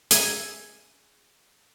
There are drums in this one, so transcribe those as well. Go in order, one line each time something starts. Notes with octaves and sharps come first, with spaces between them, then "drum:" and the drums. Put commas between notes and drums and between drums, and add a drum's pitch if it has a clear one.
G#4 D#5 E5 G#5 A#5, drum: hi-hat